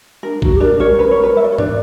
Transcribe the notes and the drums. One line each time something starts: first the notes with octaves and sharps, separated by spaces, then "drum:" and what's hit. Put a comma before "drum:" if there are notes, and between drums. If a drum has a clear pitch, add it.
D4 A#4
F#4, drum: kick A#1
G4
D4 A#4 D5
C#4 A#4 C#5
B4
C#5
B4
E5
D5
C#5
D4 D5, drum: tom G#2